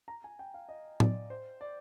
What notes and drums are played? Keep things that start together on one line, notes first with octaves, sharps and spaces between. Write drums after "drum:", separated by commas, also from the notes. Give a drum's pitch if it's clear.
A#5
G#5
G5
F5
D#5
D5, drum: tom A2
C5
D5